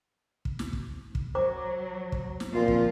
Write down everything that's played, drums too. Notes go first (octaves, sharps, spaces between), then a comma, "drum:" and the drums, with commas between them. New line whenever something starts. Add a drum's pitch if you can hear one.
drum: kick
drum: snare
drum: kick
drum: kick
F#3 C5 A#5 D6
drum: kick
drum: snare
A#2 F3 C4 F4
drum: kick